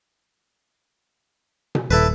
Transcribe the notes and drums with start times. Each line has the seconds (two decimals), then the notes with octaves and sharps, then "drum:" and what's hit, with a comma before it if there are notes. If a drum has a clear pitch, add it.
1.75 drum: tom B2
1.91 D#1 E4 A4 B4